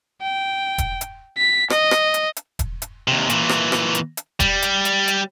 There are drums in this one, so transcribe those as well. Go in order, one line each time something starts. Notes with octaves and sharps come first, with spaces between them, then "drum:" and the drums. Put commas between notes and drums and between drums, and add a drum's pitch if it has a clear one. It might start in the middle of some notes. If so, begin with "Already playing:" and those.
G5
drum: kick E1, hi-hat
drum: hi-hat
B6
D#5, drum: rim click
drum: rim click
drum: hi-hat
drum: hi-hat
drum: kick E1, hi-hat
drum: hi-hat
D#2 C3
A#2 E3, drum: hi-hat
drum: rim click
drum: rim click
drum: hi-hat
drum: hi-hat
G3, drum: kick E1, hi-hat
drum: hi-hat
drum: hi-hat
drum: hi-hat